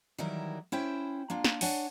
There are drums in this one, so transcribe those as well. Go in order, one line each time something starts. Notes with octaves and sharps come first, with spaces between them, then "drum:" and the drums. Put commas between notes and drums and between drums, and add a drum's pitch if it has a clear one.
D#3 E3 F#3 G3 E4 A#4
C#4 E4 C5 G5
A#3 D4 F4
drum: snare
D4 C#5 F#5 G#5, drum: open hi-hat